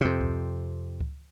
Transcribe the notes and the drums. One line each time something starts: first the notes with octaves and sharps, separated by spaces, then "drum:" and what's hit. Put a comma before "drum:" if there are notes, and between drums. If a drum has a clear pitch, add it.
F2 C3
drum: kick C#2
drum: kick C#2